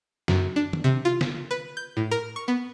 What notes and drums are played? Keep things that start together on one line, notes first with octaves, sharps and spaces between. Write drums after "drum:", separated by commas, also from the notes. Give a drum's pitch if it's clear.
F#2, drum: snare
D4
drum: tom D#3
C3
F4
drum: snare
B4
G6
A2
A#4
C#6
B3